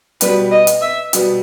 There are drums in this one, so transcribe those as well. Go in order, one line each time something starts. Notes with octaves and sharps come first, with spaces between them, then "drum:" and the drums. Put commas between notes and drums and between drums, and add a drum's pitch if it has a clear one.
B2 G3 B3 B4, drum: hi-hat
D#5
drum: hi-hat
E5
B2 G3 B3, drum: hi-hat